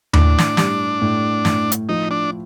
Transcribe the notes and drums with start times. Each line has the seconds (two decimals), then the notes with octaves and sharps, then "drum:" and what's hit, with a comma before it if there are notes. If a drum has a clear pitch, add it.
0.13 A2 D4, drum: tom D#2
0.38 drum: snare
0.57 G3, drum: snare
1.02 A2
1.45 A2, drum: snare
1.72 drum: hi-hat
1.89 F3 D#4
2.11 D4